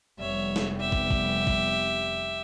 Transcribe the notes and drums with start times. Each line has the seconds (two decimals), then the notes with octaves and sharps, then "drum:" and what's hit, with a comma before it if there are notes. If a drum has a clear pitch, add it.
0.19 F1 G3 B3 C#5 E5
0.56 drum: snare G#3
0.78 G4 E5
0.92 drum: kick
1.11 drum: kick
1.47 drum: kick